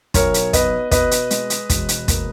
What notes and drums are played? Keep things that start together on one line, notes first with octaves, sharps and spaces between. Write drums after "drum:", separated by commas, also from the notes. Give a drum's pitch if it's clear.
B1 A#4 C#5, drum: kick, hi-hat
drum: hi-hat
B3 B4 D#5, drum: kick, hi-hat
B2 B4 D#5, drum: kick, hi-hat
drum: hi-hat
G#3, drum: hi-hat
drum: hi-hat
E1, drum: kick, hi-hat
drum: hi-hat
A#3, drum: kick, hi-hat